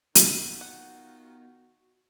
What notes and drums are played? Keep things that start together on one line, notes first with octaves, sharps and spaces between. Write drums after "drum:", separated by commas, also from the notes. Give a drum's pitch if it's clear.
D#3 B3 F4 F#4, drum: hi-hat
F#5